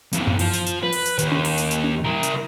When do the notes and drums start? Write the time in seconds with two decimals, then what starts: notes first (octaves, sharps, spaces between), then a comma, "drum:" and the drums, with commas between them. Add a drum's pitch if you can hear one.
0.13 F2 E3, drum: hi-hat
0.27 drum: tom F#2
0.39 F3, drum: open hi-hat
0.53 drum: hi-hat
0.66 drum: hi-hat
0.83 B4
0.92 drum: open hi-hat
1.06 drum: hi-hat
1.19 D#2, drum: hi-hat
1.32 drum: tom C#4
1.45 drum: open hi-hat
1.58 drum: hi-hat
1.71 drum: hi-hat
1.84 drum: tom C#4
2.05 E4 A#4
2.23 drum: hi-hat